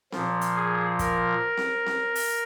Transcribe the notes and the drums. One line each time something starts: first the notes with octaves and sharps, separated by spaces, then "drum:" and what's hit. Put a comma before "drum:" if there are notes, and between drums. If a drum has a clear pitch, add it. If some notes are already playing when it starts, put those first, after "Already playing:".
A#2 F3, drum: snare C4
drum: hi-hat
G#4
A#4, drum: kick, hi-hat
drum: snare C4
drum: snare C4
drum: open hi-hat